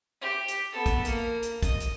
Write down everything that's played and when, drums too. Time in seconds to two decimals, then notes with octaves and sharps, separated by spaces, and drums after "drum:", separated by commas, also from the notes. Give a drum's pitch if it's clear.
0.21 G4
0.48 drum: hi-hat
0.72 B3 A4
0.86 drum: kick, hi-hat
1.05 A#3, drum: hi-hat
1.42 drum: hi-hat
1.63 D#5, drum: kick, hi-hat
1.80 drum: hi-hat